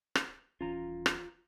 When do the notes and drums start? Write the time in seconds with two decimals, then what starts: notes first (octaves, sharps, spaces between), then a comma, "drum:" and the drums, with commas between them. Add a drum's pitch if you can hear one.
0.15 drum: rim click
0.61 D#1 E3 C#4 F4 A#5
1.06 drum: rim click